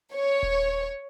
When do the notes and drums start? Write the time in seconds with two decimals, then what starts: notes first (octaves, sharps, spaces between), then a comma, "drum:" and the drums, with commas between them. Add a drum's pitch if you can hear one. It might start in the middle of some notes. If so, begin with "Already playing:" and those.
0.13 C#5
0.43 drum: kick D#1